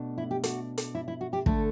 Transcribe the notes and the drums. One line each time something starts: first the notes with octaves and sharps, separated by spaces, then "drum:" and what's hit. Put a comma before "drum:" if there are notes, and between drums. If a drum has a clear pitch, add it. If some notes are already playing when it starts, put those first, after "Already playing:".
Already playing: B2 A3 D4
E4
G4
F#4, drum: hi-hat
drum: hi-hat
E4
E4
F#4
G4
D3 A3 D4 A4, drum: kick